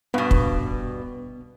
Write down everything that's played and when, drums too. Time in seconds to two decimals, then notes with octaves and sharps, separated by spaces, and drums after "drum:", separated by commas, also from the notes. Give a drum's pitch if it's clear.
0.14 G2 B2 B3
0.31 drum: kick